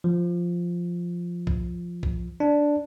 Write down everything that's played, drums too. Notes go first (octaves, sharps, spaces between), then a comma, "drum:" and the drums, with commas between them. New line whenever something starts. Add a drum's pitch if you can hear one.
F3
drum: kick A#1
drum: kick A#1
D4